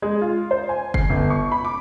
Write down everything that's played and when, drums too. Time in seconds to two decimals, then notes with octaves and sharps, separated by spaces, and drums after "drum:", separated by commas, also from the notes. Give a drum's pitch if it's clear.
0.02 G#3
0.21 F4
0.51 C5
0.69 G#5
0.94 C7, drum: kick F#1
1.10 G1
1.30 C#6
1.52 B5
1.65 D6